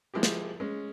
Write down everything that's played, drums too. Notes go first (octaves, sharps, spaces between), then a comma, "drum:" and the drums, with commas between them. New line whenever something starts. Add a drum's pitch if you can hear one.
F3 G#3 E4 G4
drum: snare
G#3 C#4